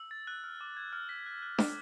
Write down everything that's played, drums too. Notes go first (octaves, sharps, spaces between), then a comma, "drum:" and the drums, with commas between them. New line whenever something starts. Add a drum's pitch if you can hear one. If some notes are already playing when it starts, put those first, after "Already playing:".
Already playing: E6
A6
F#6
F6
D6
G#6
F6
B6
F#6
F#6
D6, drum: snare D4